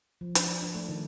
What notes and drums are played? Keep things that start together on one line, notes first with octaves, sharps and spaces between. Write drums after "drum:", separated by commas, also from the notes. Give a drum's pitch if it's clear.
F3
D4, drum: hi-hat
F3
D4
A3
D#3